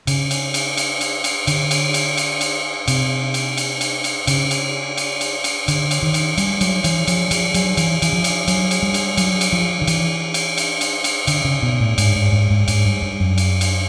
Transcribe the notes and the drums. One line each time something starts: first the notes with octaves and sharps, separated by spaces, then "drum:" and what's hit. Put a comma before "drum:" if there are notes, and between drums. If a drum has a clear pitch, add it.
C#3, drum: cymbal
drum: cymbal
drum: cymbal
drum: cymbal
drum: cymbal
drum: cymbal
D3, drum: cymbal
drum: cymbal
drum: cymbal
drum: cymbal
drum: cymbal
C3, drum: cymbal
drum: cymbal
drum: cymbal
drum: cymbal
drum: cymbal
C#3, drum: cymbal
drum: cymbal
drum: cymbal
drum: cymbal
drum: cymbal
D3, drum: cymbal
drum: cymbal
D#3
drum: cymbal
G3, drum: cymbal
F#3, drum: cymbal
E3, drum: cymbal
F3, drum: cymbal
F3, drum: cymbal
F#3, drum: cymbal
E3, drum: cymbal
E3, drum: cymbal
F3
drum: cymbal
F#3, drum: cymbal
drum: cymbal
G3
drum: cymbal
F#3, drum: cymbal
drum: cymbal
F3
D#3
E3, drum: cymbal
drum: cymbal
drum: cymbal
drum: cymbal
drum: cymbal
D3, drum: cymbal
C#3
B2
A2
G#2, drum: cymbal
G#2
G#2
G#2
G#2, drum: cymbal
G2
G2
F#2
drum: cymbal
drum: cymbal